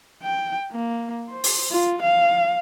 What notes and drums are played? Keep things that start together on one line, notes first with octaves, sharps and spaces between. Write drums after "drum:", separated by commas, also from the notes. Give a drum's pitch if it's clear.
G5
A#3
C5
drum: open hi-hat
F4
F5